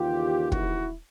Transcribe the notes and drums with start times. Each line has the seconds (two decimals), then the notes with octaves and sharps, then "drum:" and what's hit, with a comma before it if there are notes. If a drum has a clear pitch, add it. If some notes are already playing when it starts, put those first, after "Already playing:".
Already playing: D#2 C#3 E3 F4 G4
0.52 E4 F#4, drum: kick